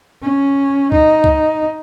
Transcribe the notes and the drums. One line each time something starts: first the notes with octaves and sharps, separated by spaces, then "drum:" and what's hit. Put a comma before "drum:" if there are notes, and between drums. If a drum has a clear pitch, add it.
C#4
D#4, drum: kick C#2
drum: kick C#2